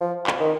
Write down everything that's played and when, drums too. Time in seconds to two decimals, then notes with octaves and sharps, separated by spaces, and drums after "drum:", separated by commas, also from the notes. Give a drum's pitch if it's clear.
0.01 F3
0.27 drum: clap
0.40 D#3